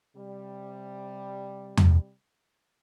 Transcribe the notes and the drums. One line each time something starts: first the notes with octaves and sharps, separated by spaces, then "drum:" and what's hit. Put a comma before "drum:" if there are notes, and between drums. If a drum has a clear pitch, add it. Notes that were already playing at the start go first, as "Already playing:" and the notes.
C3 G3
drum: tom E2